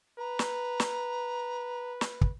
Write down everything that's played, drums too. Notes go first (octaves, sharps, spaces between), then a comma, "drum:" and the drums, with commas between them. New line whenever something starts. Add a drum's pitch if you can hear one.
B4 A#5
drum: snare
drum: snare
drum: snare
drum: kick